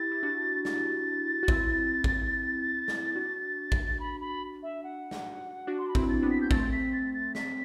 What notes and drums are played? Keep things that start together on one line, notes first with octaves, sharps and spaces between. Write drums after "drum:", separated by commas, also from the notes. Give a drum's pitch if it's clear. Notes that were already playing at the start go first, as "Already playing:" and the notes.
Already playing: E4 G4 A6
E4
D4 F#4
A6, drum: snare
F#4
C4 E4, drum: kick A1
drum: kick A1
drum: snare
D4 F#4
drum: kick A1
B5
B5
E5
F#5
drum: snare
D4 F#4
C6
B5
C4 E4, drum: kick A1
A6
B3 D4
B6
G6
A3 C4 A6, drum: kick A1
B6
A6
A6
B6, drum: snare